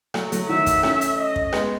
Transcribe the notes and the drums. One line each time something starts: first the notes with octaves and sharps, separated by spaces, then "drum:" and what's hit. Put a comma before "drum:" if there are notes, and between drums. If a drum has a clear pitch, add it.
F#3 A3, drum: rim click
F#3 A3, drum: hi-hat
D#3 F#3 E5
drum: kick, hi-hat
A3 C#4, drum: rim click
drum: hi-hat
D#5
drum: kick
G#3 B3, drum: rim click